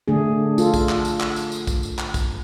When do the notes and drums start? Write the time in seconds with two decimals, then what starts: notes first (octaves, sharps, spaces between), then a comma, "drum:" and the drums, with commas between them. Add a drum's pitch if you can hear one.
0.08 D3 A3 D4 G#4
0.58 F4 A4, drum: tambourine
0.74 drum: kick A#1, tambourine
0.89 drum: clap
1.05 drum: tambourine
1.20 drum: clap
1.36 drum: tambourine
1.52 drum: tambourine
1.67 drum: kick A#1, tambourine
1.83 drum: tambourine
1.99 drum: clap
2.14 drum: kick A#1, tambourine